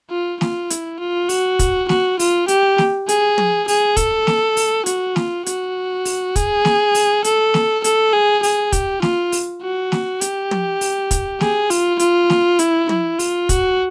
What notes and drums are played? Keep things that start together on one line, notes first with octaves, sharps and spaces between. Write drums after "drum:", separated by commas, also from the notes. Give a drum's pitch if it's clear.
F4
F4, drum: snare
E4, drum: hi-hat
F4
F#4, drum: open hi-hat
drum: kick, hi-hat
F#4, drum: snare
F4, drum: open hi-hat
G4, drum: hi-hat
drum: snare
G#4, drum: hi-hat
drum: tom
G#4, drum: open hi-hat
A4, drum: kick, hi-hat
drum: snare
drum: open hi-hat
F#4, drum: hi-hat
F4, drum: snare
F#4, drum: hi-hat
drum: open hi-hat
G#4, drum: kick, hi-hat
drum: snare
drum: open hi-hat
A4, drum: hi-hat
drum: snare
A4, drum: hi-hat
G#4
G#4, drum: open hi-hat
G4, drum: kick, hi-hat
F4, drum: snare
drum: open hi-hat
F#4
drum: snare
G4, drum: hi-hat
drum: tom
drum: open hi-hat
drum: kick, hi-hat
G#4, drum: snare
F4, drum: open hi-hat
F4, drum: hi-hat
drum: snare
E4, drum: hi-hat
E4, drum: tom
F4, drum: open hi-hat
F#4, drum: kick, hi-hat